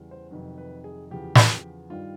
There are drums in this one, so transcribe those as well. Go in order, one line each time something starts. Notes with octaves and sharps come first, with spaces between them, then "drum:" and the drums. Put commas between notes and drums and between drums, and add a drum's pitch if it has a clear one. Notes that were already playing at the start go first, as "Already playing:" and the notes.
Already playing: E2 C#3 E3 G3
C5
F2 C3 D#3 F#3 B4
B4
G#4
E2 C#3 F3 G4
drum: snare
G2 D#3 G3 F4